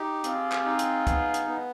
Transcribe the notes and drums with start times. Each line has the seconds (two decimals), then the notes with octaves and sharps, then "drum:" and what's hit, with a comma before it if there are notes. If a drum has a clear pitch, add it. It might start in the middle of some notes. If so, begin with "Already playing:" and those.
Already playing: D#4 G4
0.24 C4 F4 G#4, drum: hi-hat
0.52 drum: clap
0.65 D#4
0.79 drum: hi-hat
1.07 B3, drum: kick C#2, hi-hat
1.34 drum: hi-hat
1.48 B3